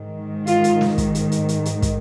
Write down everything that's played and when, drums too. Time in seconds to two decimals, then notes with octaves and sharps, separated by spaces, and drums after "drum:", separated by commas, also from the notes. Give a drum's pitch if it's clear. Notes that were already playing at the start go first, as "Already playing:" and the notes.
Already playing: G#2 D#3
0.47 F4, drum: hi-hat
0.64 drum: hi-hat
0.81 drum: snare
0.98 drum: kick, hi-hat
1.15 drum: hi-hat
1.32 drum: hi-hat
1.49 drum: hi-hat
1.65 drum: hi-hat
1.82 drum: kick, hi-hat